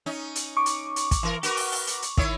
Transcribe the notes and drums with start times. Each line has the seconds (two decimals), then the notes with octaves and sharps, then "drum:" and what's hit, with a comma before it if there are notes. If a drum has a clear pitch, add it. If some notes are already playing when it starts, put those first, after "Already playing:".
0.06 C#4 D#4
0.35 drum: hi-hat
0.57 C#6 D6
0.66 drum: hi-hat
0.96 drum: hi-hat
1.11 drum: kick, hi-hat
1.23 E3 A#4
1.43 F#4 A#4 B4, drum: hi-hat
1.57 drum: open hi-hat
1.72 drum: open hi-hat
1.87 drum: hi-hat
2.02 drum: hi-hat
2.17 D#3 E4 C#5, drum: kick